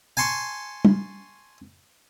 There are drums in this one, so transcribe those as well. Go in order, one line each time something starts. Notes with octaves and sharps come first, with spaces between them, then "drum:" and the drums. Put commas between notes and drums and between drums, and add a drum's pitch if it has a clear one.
G#5 A5 C6 C#6
drum: tom